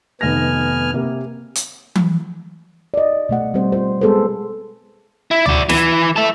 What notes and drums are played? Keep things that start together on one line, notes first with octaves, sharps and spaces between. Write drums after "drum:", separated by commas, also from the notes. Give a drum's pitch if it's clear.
F1 D#3 B3 G#5 F6 A#6
C3 A#3
drum: hi-hat
drum: tom E3
D5 D#5
B2 A3 F#5
G3 C4 C5
F4 C5
G#3 B3 G#4 A4 B4 C5
E4
F#4 D5, drum: tom
E3, drum: snare
A4 E5